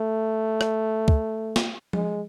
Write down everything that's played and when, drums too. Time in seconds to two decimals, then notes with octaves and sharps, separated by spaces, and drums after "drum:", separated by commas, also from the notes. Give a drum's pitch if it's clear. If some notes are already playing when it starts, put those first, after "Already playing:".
Already playing: A3
0.61 drum: rim click
1.08 drum: kick
1.56 drum: snare
1.93 G#3, drum: tom F3